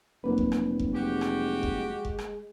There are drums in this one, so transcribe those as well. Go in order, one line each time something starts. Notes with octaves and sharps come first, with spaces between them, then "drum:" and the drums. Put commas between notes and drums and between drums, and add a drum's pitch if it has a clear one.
F1 F#3 A#3 B4
drum: kick F1
drum: rim click
drum: kick F1
G#3 F#4 G4
drum: rim click
drum: kick F1
drum: kick F1
drum: rim click